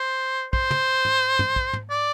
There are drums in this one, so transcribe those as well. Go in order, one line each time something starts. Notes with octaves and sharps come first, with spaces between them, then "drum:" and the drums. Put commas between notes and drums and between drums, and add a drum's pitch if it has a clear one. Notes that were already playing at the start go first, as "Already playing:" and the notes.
Already playing: C5
C5, drum: kick
drum: tom
drum: tom
drum: tom
drum: kick
drum: tom
D5